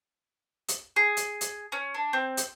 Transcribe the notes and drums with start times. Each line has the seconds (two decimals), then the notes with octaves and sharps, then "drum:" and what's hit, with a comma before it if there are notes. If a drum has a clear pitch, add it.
0.68 drum: hi-hat
0.96 G#4
1.17 drum: hi-hat
1.41 drum: hi-hat
1.72 C#4
1.94 D4
2.13 C4
2.37 drum: hi-hat